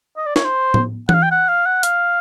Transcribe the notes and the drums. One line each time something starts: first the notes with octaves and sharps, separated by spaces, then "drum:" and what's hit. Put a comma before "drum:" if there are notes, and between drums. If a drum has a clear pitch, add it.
D#5
D5
C#5, drum: snare
C5
drum: tom
F#5, drum: tom E3
F5
G5
F#5
F5
F#5
F5, drum: hi-hat